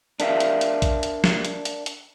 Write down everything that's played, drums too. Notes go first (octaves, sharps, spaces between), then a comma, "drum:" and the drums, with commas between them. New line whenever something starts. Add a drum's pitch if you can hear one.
D4 A#4 E5 F5, drum: hi-hat
drum: hi-hat
drum: hi-hat
drum: kick A#1, hi-hat
drum: hi-hat
drum: snare
drum: hi-hat
drum: hi-hat
drum: hi-hat